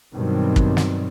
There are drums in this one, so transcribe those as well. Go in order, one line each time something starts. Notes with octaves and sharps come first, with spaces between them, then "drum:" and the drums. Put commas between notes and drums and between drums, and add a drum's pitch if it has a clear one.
G2 B2 D#3 F#3 G3 C4
drum: kick
drum: snare